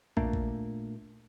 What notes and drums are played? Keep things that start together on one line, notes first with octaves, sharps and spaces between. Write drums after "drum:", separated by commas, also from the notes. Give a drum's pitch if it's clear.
A#2 A3 A#3 D4, drum: kick
drum: kick